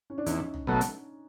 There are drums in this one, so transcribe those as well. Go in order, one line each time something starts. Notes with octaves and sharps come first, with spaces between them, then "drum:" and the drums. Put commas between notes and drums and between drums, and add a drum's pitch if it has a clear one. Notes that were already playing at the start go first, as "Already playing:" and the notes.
C#4
D4
E2 C#4 D#4, drum: hi-hat
drum: tom
B2 F#3 A3
drum: hi-hat